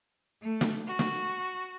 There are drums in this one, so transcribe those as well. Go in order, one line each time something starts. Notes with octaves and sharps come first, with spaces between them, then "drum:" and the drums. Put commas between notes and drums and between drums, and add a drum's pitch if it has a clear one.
A3
drum: snare
F#4
drum: snare